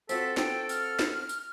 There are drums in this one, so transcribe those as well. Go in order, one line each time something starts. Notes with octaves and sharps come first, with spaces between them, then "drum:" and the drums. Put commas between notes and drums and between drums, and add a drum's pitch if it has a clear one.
C4 F4 F#4 A4 B6, drum: tambourine
A4 G5, drum: snare
F6, drum: tambourine
drum: snare
drum: tambourine